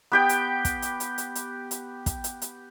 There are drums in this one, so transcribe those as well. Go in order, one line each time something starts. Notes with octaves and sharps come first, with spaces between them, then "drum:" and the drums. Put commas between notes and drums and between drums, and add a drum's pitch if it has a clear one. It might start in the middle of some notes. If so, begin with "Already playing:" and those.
B3 G4 G5
drum: hi-hat
drum: kick, hi-hat
drum: hi-hat
drum: hi-hat
drum: hi-hat
drum: hi-hat
drum: hi-hat
drum: kick, hi-hat
drum: hi-hat
drum: hi-hat